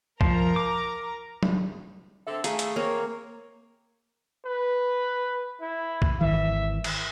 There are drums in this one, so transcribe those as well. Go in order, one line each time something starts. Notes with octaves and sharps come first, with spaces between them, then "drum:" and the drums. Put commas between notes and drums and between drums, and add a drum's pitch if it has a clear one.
F3 A#4 A#5, drum: kick C2
D6
drum: tom F#3
D3 C4 A4 E5
A3 G#4 F5 A#5, drum: hi-hat
drum: hi-hat
A#3 C4 A#4 C#5
B4
E4
drum: kick C2
G#1 D#3 E3 E5
drum: cymbal